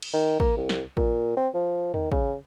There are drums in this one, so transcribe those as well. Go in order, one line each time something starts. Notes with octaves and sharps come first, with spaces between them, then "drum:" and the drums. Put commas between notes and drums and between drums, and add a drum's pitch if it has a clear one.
drum: cymbal
D#3
A#3, drum: kick
C2
drum: snare
A#2, drum: kick
C4
F3
D#3, drum: tom E2
C#3, drum: kick